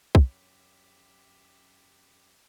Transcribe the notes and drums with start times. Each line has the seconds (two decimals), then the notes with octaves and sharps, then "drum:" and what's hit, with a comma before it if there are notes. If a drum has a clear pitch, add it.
0.15 F#2 G4 E5, drum: kick